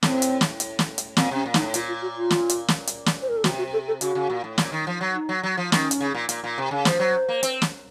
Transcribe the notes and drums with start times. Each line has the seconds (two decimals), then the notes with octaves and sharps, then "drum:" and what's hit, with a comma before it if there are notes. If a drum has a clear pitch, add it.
0.03 A2 C4, drum: snare
0.22 drum: hi-hat
0.41 drum: snare
0.60 drum: hi-hat
0.79 drum: snare
0.98 drum: hi-hat
1.17 A#2 C4, drum: snare
1.31 C3 C#4
1.46 A#2
1.54 D#4, drum: snare
1.59 A2
1.74 A#2 F4, drum: hi-hat
1.88 F4
2.02 F#4
2.17 F4
2.31 drum: snare
2.49 drum: hi-hat
2.68 drum: snare
2.87 drum: hi-hat
3.06 drum: snare
3.22 C5
3.29 A#4
3.37 A4
3.44 C3 F#4, drum: snare
3.58 F#4
3.73 A4
3.88 A4
4.01 C#3 F#4, drum: hi-hat
4.15 C#3
4.30 A#2
4.44 A2
4.58 A#2, drum: snare
4.72 D#3
4.87 F3
5.01 F#3
5.14 D#4
5.29 F#3
5.43 F#3
5.57 F3
5.72 D#3 C#4, drum: snare
5.91 drum: hi-hat
6.01 C#3
6.15 A#2
6.29 A#2, drum: hi-hat
6.44 A#2
6.58 C3
6.71 C#3
6.85 F3 C5, drum: snare
6.99 F#3
7.29 A#3
7.43 C4, drum: hi-hat
7.62 drum: snare